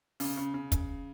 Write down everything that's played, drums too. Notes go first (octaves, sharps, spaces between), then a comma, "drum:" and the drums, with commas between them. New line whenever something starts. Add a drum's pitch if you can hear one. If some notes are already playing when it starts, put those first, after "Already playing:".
C#3, drum: open hi-hat
C#3
C#3
drum: kick, hi-hat